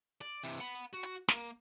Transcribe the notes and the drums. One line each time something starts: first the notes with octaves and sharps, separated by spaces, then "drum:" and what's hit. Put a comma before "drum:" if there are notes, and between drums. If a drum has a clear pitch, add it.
D5
C3 E3
F#5 B5
F#4
drum: hi-hat
A#3, drum: snare